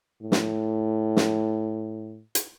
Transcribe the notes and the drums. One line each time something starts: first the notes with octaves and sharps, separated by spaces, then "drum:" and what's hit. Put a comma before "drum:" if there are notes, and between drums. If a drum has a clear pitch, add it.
A2
drum: snare
drum: snare
drum: hi-hat